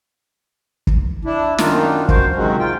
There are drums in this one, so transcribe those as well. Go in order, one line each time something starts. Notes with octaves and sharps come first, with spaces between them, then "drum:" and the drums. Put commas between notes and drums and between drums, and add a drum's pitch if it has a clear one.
drum: kick
D4 E4
F#2 D#3 D4 D#4 F4, drum: snare
F#4 A#4 C5 F5, drum: kick
C3 D#3 F#3 G#3 C#4 F#4
F4 G5